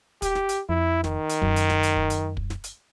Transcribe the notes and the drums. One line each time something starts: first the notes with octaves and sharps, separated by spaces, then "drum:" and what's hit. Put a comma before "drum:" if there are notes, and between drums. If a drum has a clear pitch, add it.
G4, drum: kick, hi-hat
drum: snare
drum: hi-hat
F2 E4
D#3, drum: snare
drum: hi-hat
F#2, drum: kick
drum: hi-hat
drum: snare
drum: hi-hat
drum: kick
drum: hi-hat
drum: kick
drum: snare
drum: hi-hat